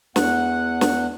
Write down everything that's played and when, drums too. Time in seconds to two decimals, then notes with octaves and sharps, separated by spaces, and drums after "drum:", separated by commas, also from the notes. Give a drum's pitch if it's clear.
0.16 E2 F#5, drum: snare
0.81 drum: snare